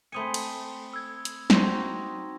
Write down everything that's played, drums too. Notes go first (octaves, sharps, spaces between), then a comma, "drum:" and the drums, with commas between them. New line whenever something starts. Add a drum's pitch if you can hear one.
A3 C4 G#5 B5 D#6 C#7
drum: cymbal
E6 G#6
drum: hi-hat
C4 D#4 F#4 A#6, drum: snare